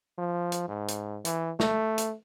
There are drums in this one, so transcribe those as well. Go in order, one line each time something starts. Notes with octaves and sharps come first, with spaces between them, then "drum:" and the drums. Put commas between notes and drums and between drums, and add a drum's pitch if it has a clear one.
F3
drum: hi-hat
G#2
drum: hi-hat
E3, drum: hi-hat
A3, drum: snare
drum: hi-hat